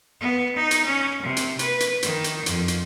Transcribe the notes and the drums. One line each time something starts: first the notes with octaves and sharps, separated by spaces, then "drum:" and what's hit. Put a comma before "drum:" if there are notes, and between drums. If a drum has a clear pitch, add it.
B3
D#4
drum: hi-hat
C#4
C3
drum: hi-hat
B4, drum: hi-hat
drum: hi-hat
D#3, drum: hi-hat
drum: hi-hat
F2, drum: hi-hat
drum: hi-hat